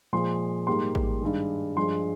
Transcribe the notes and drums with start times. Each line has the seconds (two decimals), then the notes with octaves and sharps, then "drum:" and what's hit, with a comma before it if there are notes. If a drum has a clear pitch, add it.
0.13 A#2 F3 G#3 C6
0.67 G#2 G3 A#3 C6
0.95 drum: kick
1.22 G2 D#3 G#3
1.76 G2 F3 G#3 C6